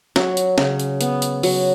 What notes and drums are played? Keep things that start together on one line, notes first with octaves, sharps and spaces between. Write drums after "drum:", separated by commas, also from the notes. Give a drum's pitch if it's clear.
F#3, drum: snare
drum: hi-hat
C#3, drum: snare
drum: hi-hat
B3, drum: hi-hat
drum: hi-hat
F#3, drum: open hi-hat